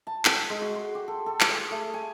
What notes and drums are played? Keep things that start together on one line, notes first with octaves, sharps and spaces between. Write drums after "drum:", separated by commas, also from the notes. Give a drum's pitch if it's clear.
A5
A4, drum: clap
G#3
F#4
C6
G4
A4
A4
G#4, drum: clap
A3
G#5